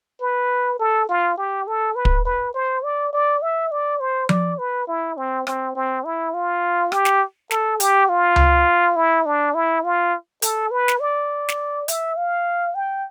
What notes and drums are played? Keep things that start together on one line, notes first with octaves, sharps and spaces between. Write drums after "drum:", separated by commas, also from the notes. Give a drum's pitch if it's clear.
B4
A4
F4
G4
A4
B4
drum: kick
B4
C5
D5
D5
E5
D5
C5
D5, drum: tom F3
B4
E4
C4
C4, drum: rim click
C4
E4
F4
G4, drum: rim click
drum: snare
A4, drum: snare
G4, drum: hi-hat
F4
drum: tom C#2
E4
D4
E4
F4
A4, drum: hi-hat
B4
drum: snare
D5
drum: snare
E5, drum: hi-hat
F5
G5